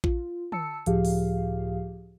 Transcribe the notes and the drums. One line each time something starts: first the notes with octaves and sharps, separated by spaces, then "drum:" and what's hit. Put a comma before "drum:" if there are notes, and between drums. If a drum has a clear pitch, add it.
F4, drum: kick A#1
A5 E6 C#7, drum: tom
C#2 A2 F3 G4 G#4 F5, drum: hi-hat
drum: open hi-hat